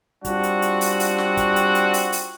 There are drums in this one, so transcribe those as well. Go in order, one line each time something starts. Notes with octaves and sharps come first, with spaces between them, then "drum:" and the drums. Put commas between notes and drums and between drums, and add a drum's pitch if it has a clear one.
G3 C4 D4 F4 F#4, drum: kick, hi-hat
drum: hi-hat
drum: hi-hat
drum: open hi-hat
drum: open hi-hat
drum: snare
drum: kick, hi-hat
drum: hi-hat
drum: hi-hat
drum: open hi-hat
drum: open hi-hat